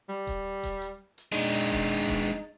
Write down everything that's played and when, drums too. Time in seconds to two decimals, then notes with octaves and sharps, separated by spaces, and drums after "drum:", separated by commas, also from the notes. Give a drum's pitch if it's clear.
0.09 G3
0.27 drum: kick D#1, hi-hat
0.63 drum: kick D#1, hi-hat
0.82 drum: hi-hat
1.18 drum: hi-hat
1.32 G#3 D4 D#4
1.72 drum: kick D#1, hi-hat
2.08 drum: kick D#1, hi-hat
2.26 drum: hi-hat